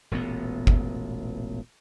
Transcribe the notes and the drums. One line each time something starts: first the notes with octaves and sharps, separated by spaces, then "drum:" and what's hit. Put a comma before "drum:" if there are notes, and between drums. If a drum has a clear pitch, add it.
E1 A1 A#2 B3
drum: kick G1